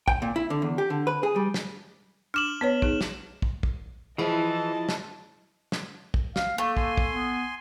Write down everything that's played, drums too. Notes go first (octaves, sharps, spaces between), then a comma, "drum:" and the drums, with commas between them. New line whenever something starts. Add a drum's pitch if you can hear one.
G5, drum: kick
A#2
E4
D3
E2
G4
D3
B4
G#4
G3
drum: snare
D4 D6 F6 E7 F#7
B3 B4 C#5
D#4 G#4, drum: kick
drum: snare
drum: kick
drum: kick
E3 F3 E4 G#4 D#5 A5
drum: snare
drum: snare
drum: kick
F5, drum: snare
A3 A#3
G#5 C6, drum: kick
drum: kick
B3